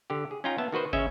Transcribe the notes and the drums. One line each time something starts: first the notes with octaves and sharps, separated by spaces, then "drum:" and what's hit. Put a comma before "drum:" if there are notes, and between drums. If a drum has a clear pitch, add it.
D3 G4
G#4
C#4 D#4 F4 G5 A#5
B3 E5 A5
D#3 F#4 B4 C5
C#3 C#4 C#5 D#5 E5, drum: kick